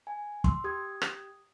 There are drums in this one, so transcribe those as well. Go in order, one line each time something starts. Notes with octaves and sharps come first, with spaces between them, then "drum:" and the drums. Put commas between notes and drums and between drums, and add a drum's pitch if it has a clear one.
G#5
C6 E6, drum: kick
G4 D#6 G#6
drum: rim click